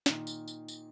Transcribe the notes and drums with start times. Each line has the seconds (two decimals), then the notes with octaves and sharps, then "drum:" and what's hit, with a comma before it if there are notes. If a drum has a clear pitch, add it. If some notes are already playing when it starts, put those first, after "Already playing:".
0.06 A#2 D#3, drum: snare
0.27 drum: tambourine
0.48 drum: tambourine
0.68 drum: tambourine